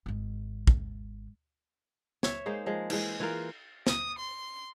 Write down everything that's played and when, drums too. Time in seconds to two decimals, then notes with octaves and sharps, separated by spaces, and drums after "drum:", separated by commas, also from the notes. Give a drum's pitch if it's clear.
0.06 G#1 G#3
0.67 drum: kick
2.23 C#5 E5, drum: snare
2.46 G#3 A#3 D#4 C5
2.66 F3 G#3
2.90 E3 G#3, drum: cymbal
3.20 E3 F4 A#4
3.87 D#6, drum: snare
4.18 C6